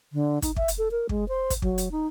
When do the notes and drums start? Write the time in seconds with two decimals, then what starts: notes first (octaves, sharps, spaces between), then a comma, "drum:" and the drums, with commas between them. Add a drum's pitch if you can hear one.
0.13 D3
0.42 D#4, drum: kick, hi-hat
0.56 E5, drum: kick
0.68 drum: hi-hat
0.78 A4
0.91 A#4
1.09 G#3, drum: kick
1.28 C5
1.50 drum: kick, hi-hat
1.62 F#3, drum: kick
1.78 drum: hi-hat
1.91 D#4